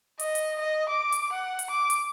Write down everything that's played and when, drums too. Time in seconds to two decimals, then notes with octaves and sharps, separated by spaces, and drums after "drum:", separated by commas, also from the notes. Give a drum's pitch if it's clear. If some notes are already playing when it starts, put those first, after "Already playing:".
0.19 D#5, drum: hi-hat
0.35 drum: hi-hat
0.59 D#5
0.89 D6
1.12 drum: hi-hat
1.32 F#5
1.59 drum: hi-hat
1.70 D6
1.90 drum: hi-hat